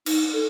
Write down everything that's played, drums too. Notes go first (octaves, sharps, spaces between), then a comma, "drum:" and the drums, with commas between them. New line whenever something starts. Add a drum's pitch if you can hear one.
D#4, drum: cymbal
A4